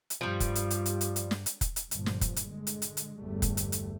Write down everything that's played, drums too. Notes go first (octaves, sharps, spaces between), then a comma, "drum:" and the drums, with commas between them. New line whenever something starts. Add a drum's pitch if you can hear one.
drum: hi-hat
G2 F3 G3
drum: kick, hi-hat
drum: hi-hat
drum: hi-hat
drum: hi-hat
drum: hi-hat
drum: hi-hat
drum: snare
drum: hi-hat
drum: kick, hi-hat
drum: hi-hat
G1 G2 A#2 D3 F3, drum: hi-hat
drum: snare
drum: kick, hi-hat
drum: hi-hat
D3 G#3
drum: hi-hat
drum: hi-hat
drum: hi-hat
G1 E2 G3 A3
drum: kick, hi-hat
drum: hi-hat
drum: hi-hat